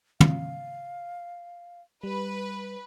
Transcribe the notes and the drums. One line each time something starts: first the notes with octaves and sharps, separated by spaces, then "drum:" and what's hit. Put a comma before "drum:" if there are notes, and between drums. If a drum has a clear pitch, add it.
F5, drum: tom
G3 B4